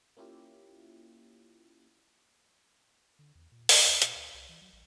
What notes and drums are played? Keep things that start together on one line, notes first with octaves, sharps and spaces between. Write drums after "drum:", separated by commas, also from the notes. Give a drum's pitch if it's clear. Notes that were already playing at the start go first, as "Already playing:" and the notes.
A#3 C#4 E4 F4 G4
D3
E2
A#2
A#1, drum: open hi-hat
D2
A#2, drum: hi-hat
D2
C2
E3
F#3
A1